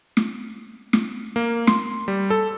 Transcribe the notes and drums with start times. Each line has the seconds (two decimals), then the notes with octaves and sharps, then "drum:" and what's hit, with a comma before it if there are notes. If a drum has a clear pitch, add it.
0.17 drum: snare
0.93 drum: snare
1.36 A#3
1.67 C6, drum: snare
2.08 G3
2.30 A4